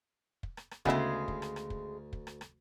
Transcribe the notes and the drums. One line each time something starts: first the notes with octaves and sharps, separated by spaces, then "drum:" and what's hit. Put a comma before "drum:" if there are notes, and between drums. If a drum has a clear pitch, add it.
drum: kick
drum: rim click
drum: rim click
D2 C#3 G#3 B3 E4 E5, drum: kick
drum: kick
drum: rim click
drum: rim click
drum: kick
drum: kick
drum: rim click
drum: rim click